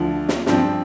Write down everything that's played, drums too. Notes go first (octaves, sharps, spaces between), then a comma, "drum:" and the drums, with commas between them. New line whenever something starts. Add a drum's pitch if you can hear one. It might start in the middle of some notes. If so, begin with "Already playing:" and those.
Already playing: D2 D3 F3
drum: snare
G2 F3 C4, drum: snare